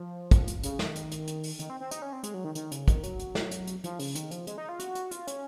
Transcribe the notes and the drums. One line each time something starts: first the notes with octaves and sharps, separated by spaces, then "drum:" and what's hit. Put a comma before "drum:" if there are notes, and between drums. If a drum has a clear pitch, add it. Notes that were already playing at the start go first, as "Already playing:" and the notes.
Already playing: F3
drum: kick, hi-hat
drum: hi-hat
C#3, drum: hi-hat
D#3, drum: snare
drum: hi-hat
drum: hi-hat
drum: hi-hat
drum: open hi-hat
D#3, drum: hi-hat
C4
C4
D#4, drum: hi-hat
C#4
C4
G#3, drum: hi-hat
F#3
D#3
D#3, drum: hi-hat
C#3, drum: hi-hat
D#3, drum: kick, hi-hat
F#3, drum: hi-hat
drum: hi-hat
drum: snare
drum: hi-hat
drum: hi-hat
F3, drum: hi-hat
C#3, drum: open hi-hat
D#3, drum: hi-hat
F3, drum: hi-hat
G#3, drum: hi-hat
D#4
F4
F#4, drum: hi-hat
drum: hi-hat
F4, drum: hi-hat
C#4, drum: hi-hat